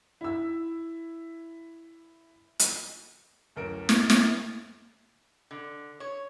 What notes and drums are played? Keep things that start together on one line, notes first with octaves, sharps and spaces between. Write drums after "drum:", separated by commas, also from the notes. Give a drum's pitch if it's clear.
E4 E6
drum: hi-hat
D1 F#2 A#4 D7
drum: snare
drum: snare
D3
C#5